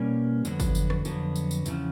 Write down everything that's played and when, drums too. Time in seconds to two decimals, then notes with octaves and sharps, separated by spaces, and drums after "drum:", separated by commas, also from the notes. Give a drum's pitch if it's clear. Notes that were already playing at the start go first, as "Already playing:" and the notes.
Already playing: B2 G3 A#3 C#4
0.45 F2 D3 F#3 B3, drum: tambourine
0.60 drum: kick, tambourine
0.75 drum: tambourine
0.90 drum: rim click
1.05 F2 D3 F#3 B3, drum: tambourine
1.36 drum: tambourine
1.51 drum: tambourine
1.66 E2 C#3 F3, drum: tambourine